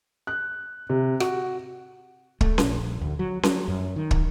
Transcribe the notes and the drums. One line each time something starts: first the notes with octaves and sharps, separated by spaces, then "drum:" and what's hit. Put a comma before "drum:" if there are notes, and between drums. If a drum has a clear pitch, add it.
F#6
C3
F#4, drum: rim click
A3, drum: kick
A#1, drum: snare C#4
D2
F#3
F#3, drum: snare C#4
F#2
D#3
drum: kick